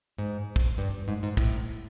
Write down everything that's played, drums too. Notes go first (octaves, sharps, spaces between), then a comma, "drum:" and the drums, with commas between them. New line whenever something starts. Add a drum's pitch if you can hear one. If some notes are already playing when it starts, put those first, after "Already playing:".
G#2
drum: kick
G2
G#2
G#2
A2, drum: kick